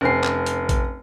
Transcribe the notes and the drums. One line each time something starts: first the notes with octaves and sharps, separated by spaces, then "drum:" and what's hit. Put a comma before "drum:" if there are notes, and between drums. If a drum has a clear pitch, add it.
F1 C#4 C5 G#5 C7
drum: clap
drum: hi-hat
drum: kick A#1, hi-hat